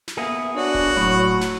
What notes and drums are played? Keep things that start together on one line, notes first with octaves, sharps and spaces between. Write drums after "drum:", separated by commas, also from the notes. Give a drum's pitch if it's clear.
drum: snare
A#3 B3 G#4 E5
D4 F#4 C#5
drum: kick D#1
A2 F#3
drum: snare